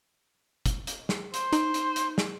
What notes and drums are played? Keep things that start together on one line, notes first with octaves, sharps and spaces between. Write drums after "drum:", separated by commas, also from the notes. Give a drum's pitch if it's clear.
drum: kick, hi-hat
drum: hi-hat
drum: snare
C5, drum: hi-hat
D#4, drum: hi-hat
drum: hi-hat
drum: hi-hat
drum: snare